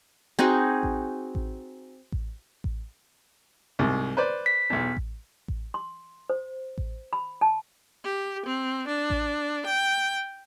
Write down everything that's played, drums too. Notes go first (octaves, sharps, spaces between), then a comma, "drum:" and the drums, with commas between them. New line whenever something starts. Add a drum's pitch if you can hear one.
C4 D#4 F#4 G#4
drum: kick A1
drum: kick A1
drum: kick A1
drum: kick A1
C2 G#2
B4 C5 D5
B6
B1 E2
drum: kick A1
drum: kick A1
C6
C5
drum: kick A1
B5
A5
G4
C4
D4
drum: kick A1
G5